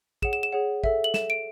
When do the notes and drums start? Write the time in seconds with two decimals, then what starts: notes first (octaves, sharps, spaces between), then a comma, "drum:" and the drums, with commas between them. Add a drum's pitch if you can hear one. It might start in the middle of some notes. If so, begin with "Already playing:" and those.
0.22 G#4 C#5 F#5 E7, drum: kick
0.33 E7
0.43 E7
0.53 G#4 C#5 F#5
0.84 A4 E5, drum: kick
1.04 F#7
1.14 A4 E5 E7, drum: snare
1.30 D7